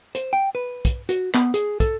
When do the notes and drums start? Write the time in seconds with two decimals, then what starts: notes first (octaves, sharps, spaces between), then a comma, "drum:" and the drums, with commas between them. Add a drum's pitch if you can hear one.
0.15 C5, drum: hi-hat
0.33 G5
0.55 B4
0.85 drum: kick, hi-hat
1.09 F#4, drum: hi-hat
1.34 B3, drum: clap
1.54 G#4, drum: hi-hat
1.80 A4, drum: kick, hi-hat